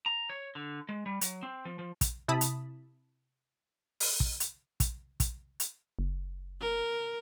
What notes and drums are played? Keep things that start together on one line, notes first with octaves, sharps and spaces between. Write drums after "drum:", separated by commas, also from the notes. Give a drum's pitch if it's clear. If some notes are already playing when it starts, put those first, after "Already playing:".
A#5
C#5
D3
G#3
G3
F#3, drum: hi-hat
C4
F3
F3
drum: kick, hi-hat
C3 E4 E5 A5 B5 D#6
drum: hi-hat
drum: open hi-hat
drum: kick
drum: hi-hat
drum: kick, hi-hat
drum: kick, hi-hat
drum: hi-hat
F#1
A#4